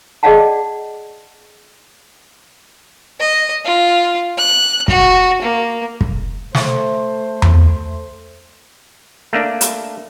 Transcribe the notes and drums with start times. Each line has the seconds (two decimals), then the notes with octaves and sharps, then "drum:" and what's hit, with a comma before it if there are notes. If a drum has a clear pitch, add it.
0.23 G#4 D5 D#5 F5 F#5 A5
3.20 D#5
3.65 F4
4.38 F#6
4.88 F#4, drum: kick
5.41 A#3
6.01 drum: kick
6.55 A3 C5, drum: snare
7.42 drum: tom E2
9.33 A3 A#3 D4
9.61 drum: hi-hat